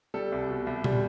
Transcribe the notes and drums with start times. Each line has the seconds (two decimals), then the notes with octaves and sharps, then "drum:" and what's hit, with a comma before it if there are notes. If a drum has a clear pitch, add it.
0.14 G3 A4
0.32 C2
0.49 B2
0.67 C2
0.84 G3, drum: tom A#2